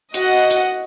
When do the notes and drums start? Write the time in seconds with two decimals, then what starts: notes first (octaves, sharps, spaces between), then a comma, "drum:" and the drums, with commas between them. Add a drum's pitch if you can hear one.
0.14 F#4 D#5 F#5, drum: hi-hat
0.50 drum: hi-hat